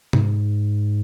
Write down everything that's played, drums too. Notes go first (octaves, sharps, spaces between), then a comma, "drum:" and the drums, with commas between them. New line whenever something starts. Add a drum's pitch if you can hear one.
G#2, drum: tom C3